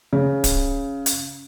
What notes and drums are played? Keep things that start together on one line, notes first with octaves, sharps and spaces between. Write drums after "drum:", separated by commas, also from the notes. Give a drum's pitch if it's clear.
C#3
drum: kick D1, hi-hat
drum: hi-hat